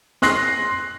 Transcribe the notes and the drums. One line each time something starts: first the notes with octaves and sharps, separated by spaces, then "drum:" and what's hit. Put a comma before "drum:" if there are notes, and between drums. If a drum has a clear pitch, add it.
C6 F#6 A#6 C7, drum: snare